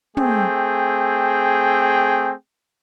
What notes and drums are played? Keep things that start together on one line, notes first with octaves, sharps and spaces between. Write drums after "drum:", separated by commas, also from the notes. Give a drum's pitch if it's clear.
A3 C4 G#4 G5, drum: tom